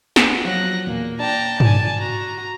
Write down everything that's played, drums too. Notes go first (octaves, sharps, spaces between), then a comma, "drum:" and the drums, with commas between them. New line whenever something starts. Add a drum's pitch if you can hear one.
B3 F#4, drum: snare
F3 F#3 F#6 A#6
E2 A#2 A#3
D4 G5 A5 A#5
D5 G#5, drum: tom
F#4 A#5